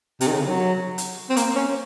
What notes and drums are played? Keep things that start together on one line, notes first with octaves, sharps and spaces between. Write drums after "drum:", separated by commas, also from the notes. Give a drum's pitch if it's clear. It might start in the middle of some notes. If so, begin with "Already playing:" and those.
C3, drum: hi-hat
D#3
C#3
F#3
drum: hi-hat
C4
A#3, drum: hi-hat
C#4